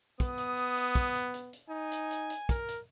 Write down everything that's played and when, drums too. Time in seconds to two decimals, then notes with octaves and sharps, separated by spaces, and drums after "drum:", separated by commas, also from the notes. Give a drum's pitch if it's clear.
0.20 B3 D#6, drum: kick, hi-hat
0.38 drum: hi-hat
0.57 drum: hi-hat
0.76 drum: hi-hat
0.95 drum: kick, hi-hat
1.15 drum: hi-hat
1.34 drum: hi-hat
1.53 drum: hi-hat
1.69 D#4 G#5
1.91 drum: hi-hat
2.11 drum: hi-hat
2.30 drum: hi-hat
2.49 A#4, drum: kick, hi-hat
2.68 drum: hi-hat